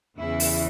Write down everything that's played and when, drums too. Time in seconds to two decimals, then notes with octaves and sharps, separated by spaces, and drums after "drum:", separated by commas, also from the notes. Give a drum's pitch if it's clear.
0.18 E2 C#3 E3 E4
0.40 drum: open hi-hat